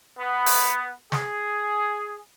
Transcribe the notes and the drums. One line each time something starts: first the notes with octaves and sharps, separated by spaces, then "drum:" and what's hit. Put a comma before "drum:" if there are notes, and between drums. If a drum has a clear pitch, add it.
B3
drum: open hi-hat
G#4, drum: snare